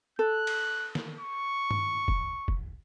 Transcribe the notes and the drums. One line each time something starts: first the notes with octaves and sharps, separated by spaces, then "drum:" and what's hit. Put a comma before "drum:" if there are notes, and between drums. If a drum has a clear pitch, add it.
A4 F#6
drum: cymbal
drum: snare
C#6
drum: tom G2
drum: kick
drum: kick